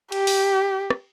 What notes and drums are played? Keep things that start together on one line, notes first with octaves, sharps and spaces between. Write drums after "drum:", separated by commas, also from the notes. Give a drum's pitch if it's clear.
G4, drum: cymbal
drum: open hi-hat
drum: rim click